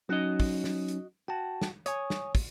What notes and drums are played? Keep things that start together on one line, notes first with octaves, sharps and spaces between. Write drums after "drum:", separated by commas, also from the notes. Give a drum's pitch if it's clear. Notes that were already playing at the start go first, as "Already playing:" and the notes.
F#3 C#4 D#4 F#4 D#5
drum: kick, open hi-hat
drum: snare
drum: hi-hat
F#4 G5 A5
drum: snare
C#5 G#5 D#6, drum: hi-hat
drum: snare
drum: kick, open hi-hat